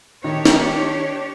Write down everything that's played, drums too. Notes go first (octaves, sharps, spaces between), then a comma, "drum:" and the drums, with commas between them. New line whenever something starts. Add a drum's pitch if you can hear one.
D#3 D4 G4 C#5
drum: snare D#4